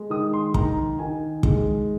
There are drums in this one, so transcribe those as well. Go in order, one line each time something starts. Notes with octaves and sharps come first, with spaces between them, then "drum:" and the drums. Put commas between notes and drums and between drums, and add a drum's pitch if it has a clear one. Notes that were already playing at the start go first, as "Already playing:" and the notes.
Already playing: G#3
D#3 D#6
C6
D#3 A#5, drum: kick
D#3 G#5
G#3, drum: kick